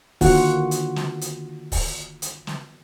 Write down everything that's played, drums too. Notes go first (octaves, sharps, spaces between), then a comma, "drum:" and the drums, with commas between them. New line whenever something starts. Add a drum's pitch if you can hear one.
D3 D#3 A#3 F4 F#4 F#5, drum: kick, open hi-hat
drum: hi-hat
drum: snare
drum: hi-hat
drum: kick, open hi-hat
drum: hi-hat
drum: snare